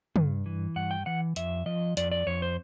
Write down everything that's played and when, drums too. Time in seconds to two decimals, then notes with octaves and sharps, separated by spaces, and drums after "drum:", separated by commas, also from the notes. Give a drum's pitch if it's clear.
0.16 G2, drum: tom
0.46 E3
0.76 G2 F#5
0.91 G5
1.06 E3 F#5
1.36 F2 E5, drum: hi-hat
1.66 F3 D#5
1.97 F2 D5, drum: hi-hat
2.12 D5
2.26 F2 C#5
2.42 C5